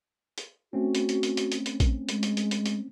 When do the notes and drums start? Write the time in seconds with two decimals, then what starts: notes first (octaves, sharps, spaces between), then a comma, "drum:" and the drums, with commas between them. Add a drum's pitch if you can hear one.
0.38 drum: hi-hat
0.73 A3 C4 C#4 F#4
0.95 drum: hi-hat
1.09 drum: hi-hat
1.23 drum: hi-hat
1.37 drum: hi-hat
1.52 drum: hi-hat
1.66 drum: hi-hat
1.80 drum: kick A#1, hi-hat
2.09 G#3, drum: hi-hat
2.23 drum: hi-hat
2.37 drum: hi-hat
2.51 drum: hi-hat
2.66 drum: hi-hat